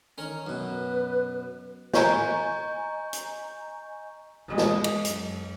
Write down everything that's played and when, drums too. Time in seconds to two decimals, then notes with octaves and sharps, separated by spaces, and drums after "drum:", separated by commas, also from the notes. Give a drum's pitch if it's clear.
0.18 D#3 C#4 A#4 C#5
0.47 F#2 B2 B4
1.94 D#5 G#5 A#5 C#6 G6, drum: snare
3.13 drum: hi-hat
4.47 G#3
4.58 drum: snare
4.84 drum: cymbal
5.05 F#2, drum: hi-hat